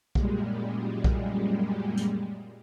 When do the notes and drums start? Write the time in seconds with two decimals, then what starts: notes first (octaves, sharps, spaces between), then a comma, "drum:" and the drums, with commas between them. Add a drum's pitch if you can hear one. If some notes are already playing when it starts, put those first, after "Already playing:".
0.15 F#2 A#2 G3 G#3, drum: kick B1
1.04 drum: kick B1
1.97 drum: hi-hat